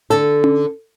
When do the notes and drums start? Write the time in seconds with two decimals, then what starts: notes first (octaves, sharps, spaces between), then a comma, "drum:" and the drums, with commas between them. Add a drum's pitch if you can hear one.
0.10 D3 A4
0.44 drum: tom C#4